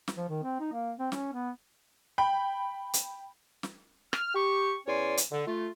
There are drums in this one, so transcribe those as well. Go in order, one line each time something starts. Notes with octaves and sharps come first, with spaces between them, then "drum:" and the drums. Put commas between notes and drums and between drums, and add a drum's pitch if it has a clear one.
drum: snare
F3
D#3
C4
D#4
A#3
C4
C#4, drum: snare
B3
G5 B5
drum: hi-hat
drum: snare
F6, drum: rim click
G4 C#6
E2 C#4 C#5 D5 G#5 C6
drum: hi-hat
D3
A3 F4